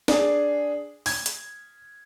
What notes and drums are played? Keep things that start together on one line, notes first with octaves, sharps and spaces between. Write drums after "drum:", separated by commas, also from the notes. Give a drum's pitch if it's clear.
D4 G#4, drum: snare
G#6, drum: open hi-hat
drum: hi-hat